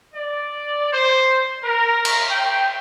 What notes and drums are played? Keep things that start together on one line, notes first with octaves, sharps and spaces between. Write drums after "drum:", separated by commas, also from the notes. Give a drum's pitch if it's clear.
D5
C5
A#4
drum: cymbal
G5